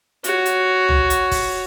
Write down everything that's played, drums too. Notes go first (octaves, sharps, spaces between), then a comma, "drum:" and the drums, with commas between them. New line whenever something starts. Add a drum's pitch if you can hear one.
F#4 C#5, drum: hi-hat
drum: hi-hat
drum: tom
drum: hi-hat
drum: kick, open hi-hat